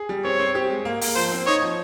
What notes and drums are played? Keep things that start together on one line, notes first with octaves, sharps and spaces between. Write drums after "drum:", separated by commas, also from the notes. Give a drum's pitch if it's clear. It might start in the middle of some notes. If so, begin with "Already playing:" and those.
Already playing: G#4
G3
C4 C#5
C4
G4
G#3
A#3
A#3, drum: open hi-hat
F3 C5
C4
D#4 C#5
F3